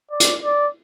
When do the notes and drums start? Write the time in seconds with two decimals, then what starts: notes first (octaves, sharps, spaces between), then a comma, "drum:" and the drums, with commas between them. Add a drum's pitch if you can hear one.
0.11 D5
0.20 drum: hi-hat
0.44 D5